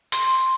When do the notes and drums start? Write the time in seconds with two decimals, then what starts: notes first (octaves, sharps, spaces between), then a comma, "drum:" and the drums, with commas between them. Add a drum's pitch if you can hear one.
0.12 C6, drum: hi-hat